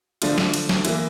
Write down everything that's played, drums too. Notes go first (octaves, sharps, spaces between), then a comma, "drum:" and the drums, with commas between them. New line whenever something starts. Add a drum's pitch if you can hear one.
D3 F3 A3 D4 F4, drum: cymbal
drum: snare
drum: cymbal
drum: snare
E3 A#3 E4, drum: cymbal